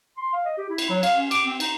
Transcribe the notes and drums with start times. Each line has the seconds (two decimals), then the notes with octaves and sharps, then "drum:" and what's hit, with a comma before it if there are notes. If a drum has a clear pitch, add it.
0.17 C6
0.33 F5
0.45 D#5
0.58 G4
0.69 E4
0.78 drum: cymbal
0.90 F#3
1.03 F5, drum: cymbal
1.17 C#4
1.31 D6, drum: cymbal
1.45 C4
1.60 D#4, drum: cymbal